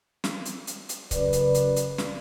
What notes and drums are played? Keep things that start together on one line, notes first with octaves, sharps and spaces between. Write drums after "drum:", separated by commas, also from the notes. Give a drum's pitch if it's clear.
drum: snare
drum: hi-hat
drum: hi-hat
drum: hi-hat
F#2 C#3 B4 D5, drum: kick C#1, hi-hat
drum: hi-hat
drum: hi-hat
drum: hi-hat
drum: snare